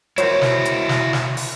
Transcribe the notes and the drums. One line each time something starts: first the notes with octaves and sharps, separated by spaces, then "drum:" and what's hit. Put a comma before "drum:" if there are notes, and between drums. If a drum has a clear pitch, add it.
E4 F#4 A#4 C5 C#5, drum: hi-hat
drum: snare
drum: hi-hat
drum: snare
drum: snare
drum: open hi-hat